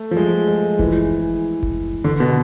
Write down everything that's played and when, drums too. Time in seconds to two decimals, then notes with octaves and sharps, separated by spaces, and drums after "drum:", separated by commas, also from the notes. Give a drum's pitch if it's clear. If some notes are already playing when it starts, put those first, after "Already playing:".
Already playing: A3
0.11 F3
0.17 G#3
0.48 G#3
0.79 E3, drum: kick F#1
1.63 drum: kick F#1
2.04 D3
2.20 B2